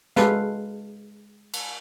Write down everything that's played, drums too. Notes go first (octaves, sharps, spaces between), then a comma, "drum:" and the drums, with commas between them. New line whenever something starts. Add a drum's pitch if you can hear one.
G#3 F#4 A4 B4 F5, drum: snare
drum: cymbal